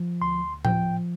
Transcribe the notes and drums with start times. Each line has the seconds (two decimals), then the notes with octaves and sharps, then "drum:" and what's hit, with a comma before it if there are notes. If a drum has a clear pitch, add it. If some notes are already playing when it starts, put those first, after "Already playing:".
Already playing: F3
0.22 D2 C6
0.65 F3 G5, drum: tom A2